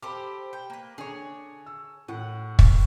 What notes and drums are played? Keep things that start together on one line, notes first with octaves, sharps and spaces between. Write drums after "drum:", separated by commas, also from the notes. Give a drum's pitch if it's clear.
G4 A4 C5 B5 D6
G5
A#3 B4
D3 G#4 C#5
E6
A2 F#5
drum: kick